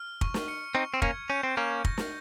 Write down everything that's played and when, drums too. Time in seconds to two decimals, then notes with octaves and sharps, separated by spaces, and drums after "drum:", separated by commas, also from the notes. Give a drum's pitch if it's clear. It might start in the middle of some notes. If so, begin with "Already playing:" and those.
Already playing: F6
0.21 C#6, drum: kick
0.34 drum: snare
0.48 C#7
0.75 C4 D#4 C#6
0.94 C4
1.02 A#3 C#4 G#6, drum: kick
1.30 C#4 G6
1.43 C4
1.56 A#3 C#4 G6
1.85 A#6, drum: kick
1.98 drum: snare